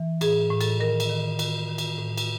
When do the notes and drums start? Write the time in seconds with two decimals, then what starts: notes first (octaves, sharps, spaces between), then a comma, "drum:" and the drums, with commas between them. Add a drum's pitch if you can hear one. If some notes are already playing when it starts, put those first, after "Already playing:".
Already playing: E3
0.21 A2 G#4, drum: cymbal
0.50 A2
0.61 A4, drum: cymbal
0.80 D#3 A#4
1.00 drum: cymbal
1.10 D#3
1.39 D#3, drum: cymbal
1.69 D#3
1.78 drum: cymbal
1.98 A2
2.17 drum: cymbal